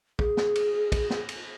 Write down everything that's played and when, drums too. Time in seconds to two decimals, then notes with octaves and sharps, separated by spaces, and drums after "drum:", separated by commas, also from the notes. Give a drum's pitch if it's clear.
0.19 G#4, drum: kick
0.37 drum: snare
0.55 drum: cymbal
0.92 drum: kick, cymbal
1.10 drum: snare
1.29 drum: cymbal